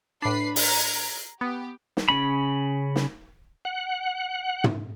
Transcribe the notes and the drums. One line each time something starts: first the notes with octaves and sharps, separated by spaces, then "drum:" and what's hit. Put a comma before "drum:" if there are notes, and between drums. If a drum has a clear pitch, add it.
A2 D4 B4 B5 C7
A#5 G#6, drum: open hi-hat
B3 G4
drum: snare
C#3 C#4 B5
drum: snare
F#5
drum: tom